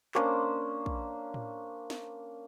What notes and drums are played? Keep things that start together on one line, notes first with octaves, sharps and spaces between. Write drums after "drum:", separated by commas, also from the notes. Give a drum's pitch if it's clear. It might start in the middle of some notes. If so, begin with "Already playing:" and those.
A#3 C#4 D4 C5, drum: clap
drum: kick
drum: tom A2
drum: snare